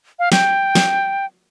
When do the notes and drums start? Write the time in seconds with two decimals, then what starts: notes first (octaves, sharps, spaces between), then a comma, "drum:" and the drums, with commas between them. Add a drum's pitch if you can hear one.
0.19 F5
0.32 G5, drum: snare
0.75 drum: snare